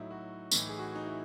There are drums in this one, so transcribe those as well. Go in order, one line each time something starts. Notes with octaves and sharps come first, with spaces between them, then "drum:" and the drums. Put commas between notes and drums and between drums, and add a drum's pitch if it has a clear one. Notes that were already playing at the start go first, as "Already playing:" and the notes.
Already playing: A2 F#3 D#4 E4
F#4
A2 E3 D#4, drum: tambourine
G#4
F#4
D#4
E4